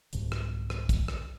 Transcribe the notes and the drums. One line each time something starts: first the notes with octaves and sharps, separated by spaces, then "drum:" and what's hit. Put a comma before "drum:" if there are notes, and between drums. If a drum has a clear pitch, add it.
C2 G#2 B2 D3, drum: hi-hat
drum: rim click
drum: rim click
drum: kick, hi-hat
drum: rim click